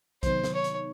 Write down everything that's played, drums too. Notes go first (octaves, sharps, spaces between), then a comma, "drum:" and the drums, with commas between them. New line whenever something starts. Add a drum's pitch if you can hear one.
C3 D#3 F#3 B3 D#4 C5, drum: kick A#1, hi-hat
drum: snare
C#5
drum: hi-hat